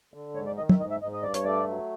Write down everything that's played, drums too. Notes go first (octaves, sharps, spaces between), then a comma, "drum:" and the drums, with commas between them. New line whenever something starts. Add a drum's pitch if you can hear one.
D3
G#2 C#5
D5
D#3 D#5
E5, drum: tom
G#2 D#5
E5
G#2 D#5
D#5
G2 D5
C#5, drum: hi-hat
A3 D5
F#3